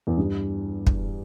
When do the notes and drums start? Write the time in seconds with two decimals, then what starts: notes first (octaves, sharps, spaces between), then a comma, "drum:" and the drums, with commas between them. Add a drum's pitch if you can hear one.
0.07 E2
0.18 G2
0.87 drum: kick